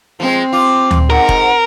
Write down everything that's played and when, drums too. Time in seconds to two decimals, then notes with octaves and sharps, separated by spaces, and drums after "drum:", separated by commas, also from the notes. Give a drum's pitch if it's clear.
0.20 F3 G#3 C4
0.53 F4 D6
0.91 drum: tom D2
1.10 G#2 A#4 F#5
1.29 drum: kick